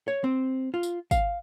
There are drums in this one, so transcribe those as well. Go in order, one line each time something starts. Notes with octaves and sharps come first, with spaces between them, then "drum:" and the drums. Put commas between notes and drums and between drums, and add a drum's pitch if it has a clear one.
C#5
C4
F4
drum: tambourine
F5, drum: kick G#1, tambourine